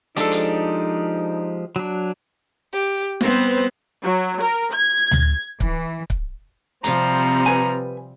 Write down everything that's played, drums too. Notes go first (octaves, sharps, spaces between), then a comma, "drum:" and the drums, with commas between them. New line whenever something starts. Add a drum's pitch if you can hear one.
F3 G#3 D4 D#4 G4 A4, drum: hi-hat
drum: hi-hat
F#3 D4
G4
G3 B3 C4 B4 C5, drum: snare
F#3
A#4
G#6
drum: tom D2
E3, drum: kick C#1
drum: kick C#1
C3 F3 G3 C4 A#5, drum: hi-hat
B4 G#5